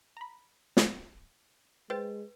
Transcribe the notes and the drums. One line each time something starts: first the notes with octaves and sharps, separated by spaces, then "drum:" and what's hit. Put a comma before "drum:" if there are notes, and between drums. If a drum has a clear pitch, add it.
A#5 B5
drum: snare
G#3 B4 C5 G5 A6